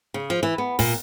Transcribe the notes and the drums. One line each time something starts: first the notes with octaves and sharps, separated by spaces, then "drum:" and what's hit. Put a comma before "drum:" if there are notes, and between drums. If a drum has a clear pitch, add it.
C#3
F3
E3
B3
A#2, drum: kick, open hi-hat